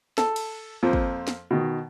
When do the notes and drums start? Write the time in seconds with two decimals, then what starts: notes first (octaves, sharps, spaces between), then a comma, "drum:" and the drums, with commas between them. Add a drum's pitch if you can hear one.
0.18 A4, drum: snare
0.36 drum: cymbal
0.83 F2 F3 A#3 C4
0.93 drum: kick
1.28 drum: snare
1.51 B2 D#3